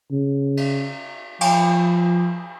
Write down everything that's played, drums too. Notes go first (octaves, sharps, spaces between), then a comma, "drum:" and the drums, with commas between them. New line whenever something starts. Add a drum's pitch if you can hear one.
C#3
drum: cymbal
F3, drum: cymbal